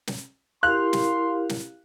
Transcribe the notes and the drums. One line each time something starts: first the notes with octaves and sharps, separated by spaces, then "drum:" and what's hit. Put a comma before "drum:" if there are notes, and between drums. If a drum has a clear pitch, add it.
drum: snare
E4 G4 A#4 F5 C6 F#6
drum: snare
drum: snare